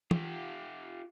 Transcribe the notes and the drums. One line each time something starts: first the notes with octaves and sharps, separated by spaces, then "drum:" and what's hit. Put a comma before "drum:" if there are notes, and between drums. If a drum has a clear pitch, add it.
F4 G4, drum: tom